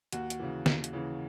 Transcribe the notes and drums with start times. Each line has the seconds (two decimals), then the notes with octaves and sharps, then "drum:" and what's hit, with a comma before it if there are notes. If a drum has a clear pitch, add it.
0.12 D#2 F#4, drum: hi-hat
0.30 drum: hi-hat
0.40 C#3 E3
0.66 D#2, drum: snare
0.84 drum: hi-hat
0.93 C#3 E3